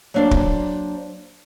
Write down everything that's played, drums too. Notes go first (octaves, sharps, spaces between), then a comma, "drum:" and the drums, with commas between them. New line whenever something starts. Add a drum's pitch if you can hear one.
F#3 A#3 D4 C5 D5
drum: kick